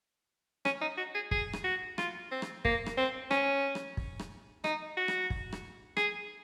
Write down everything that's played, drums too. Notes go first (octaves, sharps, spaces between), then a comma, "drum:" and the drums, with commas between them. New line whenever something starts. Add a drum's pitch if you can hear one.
C#4, drum: rim click
D#4
F#4
G#4
G#4, drum: kick
drum: rim click
F#4
F4, drum: rim click
C4
drum: rim click
A#3, drum: kick
drum: rim click
C4
C#4, drum: rim click
drum: rim click
drum: kick
drum: rim click
D#4, drum: rim click
F#4
drum: rim click
drum: kick
drum: rim click
G#4, drum: rim click